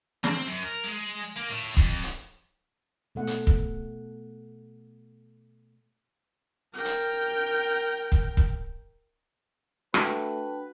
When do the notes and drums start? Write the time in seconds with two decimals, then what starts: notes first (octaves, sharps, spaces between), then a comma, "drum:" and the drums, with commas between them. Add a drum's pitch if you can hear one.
0.24 C4, drum: snare
0.46 F#2
0.63 A#4
0.84 G#3
1.36 A#3
1.50 A2
1.77 F2, drum: kick
2.03 drum: hi-hat
3.15 B2 A3 F#5
3.27 drum: hi-hat
3.47 drum: kick
6.74 A#4 G5
6.85 drum: hi-hat
8.12 drum: kick
8.37 drum: kick
9.94 A3 D4 F#4 B4 G5 A5, drum: rim click